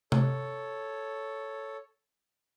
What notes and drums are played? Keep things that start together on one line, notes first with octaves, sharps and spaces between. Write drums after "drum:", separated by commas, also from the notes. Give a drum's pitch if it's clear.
A4 C#5, drum: tom C3